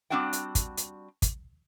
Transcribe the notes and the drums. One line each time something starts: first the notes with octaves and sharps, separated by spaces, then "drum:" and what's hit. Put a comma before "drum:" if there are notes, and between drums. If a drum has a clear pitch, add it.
G3 C4 D4 F#4 F#5 G5
drum: hi-hat
drum: kick, hi-hat
drum: hi-hat
drum: kick, hi-hat